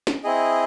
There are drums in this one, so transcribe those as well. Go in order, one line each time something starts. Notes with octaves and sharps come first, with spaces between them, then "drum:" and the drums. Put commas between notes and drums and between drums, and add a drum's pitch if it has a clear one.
drum: snare
C4 E4 G#4 D#5